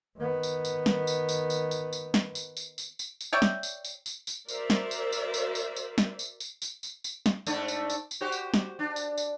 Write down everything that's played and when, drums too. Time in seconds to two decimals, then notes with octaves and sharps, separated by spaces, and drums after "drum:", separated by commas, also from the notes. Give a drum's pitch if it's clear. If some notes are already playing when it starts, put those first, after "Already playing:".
0.17 D#3 B3
0.43 drum: tambourine
0.65 drum: tambourine
0.86 drum: snare
1.07 drum: tambourine
1.29 drum: tambourine
1.50 drum: tambourine
1.71 drum: tambourine
1.93 drum: tambourine
2.14 drum: snare
2.35 drum: tambourine
2.57 drum: tambourine
2.78 drum: tambourine
2.99 drum: tambourine
3.21 drum: tambourine
3.33 C#5 D5 E5 G5
3.42 drum: snare
3.63 drum: tambourine
3.85 drum: tambourine
4.06 drum: tambourine
4.27 drum: tambourine
4.48 F#4 A#4 C5 D5 E5, drum: tambourine
4.70 drum: snare
4.91 drum: tambourine
5.12 drum: tambourine
5.34 drum: tambourine
5.55 drum: tambourine
5.76 drum: tambourine
5.98 drum: snare
6.19 drum: tambourine
6.40 drum: tambourine
6.62 drum: tambourine
6.83 drum: tambourine
7.04 drum: tambourine
7.26 drum: snare
7.47 G#2 A3 D4, drum: tambourine
7.68 drum: tambourine
7.90 drum: tambourine
8.11 drum: tambourine
8.21 F#4 G4 C5
8.32 drum: tambourine
8.54 drum: snare
8.79 D4
8.96 drum: tambourine
9.18 drum: tambourine